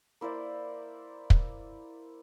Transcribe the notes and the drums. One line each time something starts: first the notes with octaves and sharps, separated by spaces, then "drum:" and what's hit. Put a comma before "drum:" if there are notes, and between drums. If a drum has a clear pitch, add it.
A#3 E4 C5 D5
drum: kick